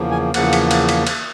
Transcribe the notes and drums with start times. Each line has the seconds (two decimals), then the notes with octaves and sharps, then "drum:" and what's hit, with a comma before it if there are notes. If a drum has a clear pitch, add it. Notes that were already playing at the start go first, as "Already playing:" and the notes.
Already playing: E2 C#3 F3 A#3
0.11 G#5
0.34 E2 C#3 F3 A#3 F#5, drum: cymbal
0.53 drum: cymbal
0.71 drum: cymbal
0.89 drum: cymbal
1.07 drum: cymbal